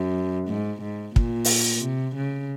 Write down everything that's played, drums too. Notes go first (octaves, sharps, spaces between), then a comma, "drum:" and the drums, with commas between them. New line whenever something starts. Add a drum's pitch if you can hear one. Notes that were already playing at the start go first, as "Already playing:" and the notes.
Already playing: F#2
G#2
G#2
A#2, drum: kick
drum: open hi-hat
C3
C#3